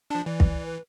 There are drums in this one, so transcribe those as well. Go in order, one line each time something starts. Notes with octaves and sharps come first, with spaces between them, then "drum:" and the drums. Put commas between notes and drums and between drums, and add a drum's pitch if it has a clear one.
F3 D4 A5
E3 D5
drum: kick
B4